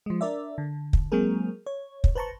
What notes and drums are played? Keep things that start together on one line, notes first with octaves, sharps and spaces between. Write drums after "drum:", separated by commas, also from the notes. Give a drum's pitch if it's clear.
F3 G#3
D4 A#4 D5 E5
D3
drum: kick
F#3 G#3 A#3 C4 G#4 A#4
C#5
drum: kick
B4 C5 A5 A#5 C#6